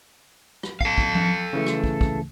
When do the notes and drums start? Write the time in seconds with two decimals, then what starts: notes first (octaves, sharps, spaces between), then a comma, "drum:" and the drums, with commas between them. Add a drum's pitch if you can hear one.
0.63 drum: rim click
0.81 A4 F5, drum: kick
0.98 drum: kick
1.15 drum: tom F3
1.53 C#3 E3 A3
1.66 drum: rim click
1.84 drum: kick
2.01 drum: kick